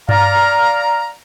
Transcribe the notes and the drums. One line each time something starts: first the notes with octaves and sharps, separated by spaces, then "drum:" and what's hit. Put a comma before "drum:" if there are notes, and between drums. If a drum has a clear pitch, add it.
D5 F5 A#5, drum: tom G2